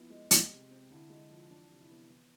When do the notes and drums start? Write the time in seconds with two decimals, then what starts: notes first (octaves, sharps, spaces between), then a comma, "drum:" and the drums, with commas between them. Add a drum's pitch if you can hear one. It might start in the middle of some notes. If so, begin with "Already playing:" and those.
Already playing: F3 B3 E4
0.10 G#3
0.31 G#3, drum: hi-hat
0.51 C3
0.71 C4
0.91 D3 E4
1.10 G#3
1.30 F3
1.50 E3 D4
1.71 C3
1.81 E4
1.91 B3
2.10 E3